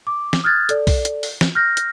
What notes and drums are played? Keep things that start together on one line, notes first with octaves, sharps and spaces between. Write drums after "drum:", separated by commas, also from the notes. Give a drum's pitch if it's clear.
D6
drum: snare
D#6 F6 F#6 G#6 A6
A4 D5, drum: hi-hat
drum: kick B1, open hi-hat
drum: hi-hat
drum: open hi-hat
drum: snare
F6 G6 A#6
drum: hi-hat